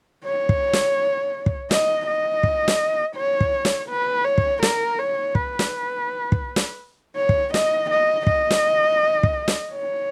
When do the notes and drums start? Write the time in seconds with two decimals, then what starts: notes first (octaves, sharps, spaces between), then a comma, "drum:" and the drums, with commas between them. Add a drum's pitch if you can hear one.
0.24 C#5
0.49 drum: kick
0.73 drum: snare
1.46 drum: kick
1.71 D#5, drum: snare
2.07 D#5
2.43 drum: kick
2.68 drum: snare
3.16 C#5
3.41 drum: kick
3.65 drum: snare
3.89 B4
4.25 C#5
4.38 drum: kick
4.63 A#4, drum: snare
4.99 C#5
5.35 B4, drum: kick
5.59 drum: snare
6.32 drum: kick
6.56 drum: snare
7.16 C#5
7.29 drum: kick
7.54 D#5, drum: snare
7.90 D#5
8.27 D#5, drum: kick
8.51 drum: snare
9.23 drum: kick
9.48 drum: snare
9.72 C#5